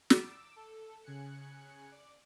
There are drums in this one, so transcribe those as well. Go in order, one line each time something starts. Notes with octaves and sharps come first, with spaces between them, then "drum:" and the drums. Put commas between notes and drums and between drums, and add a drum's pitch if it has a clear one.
D6 E6, drum: snare
A4
C#3 G#5 F#6 C#7
D5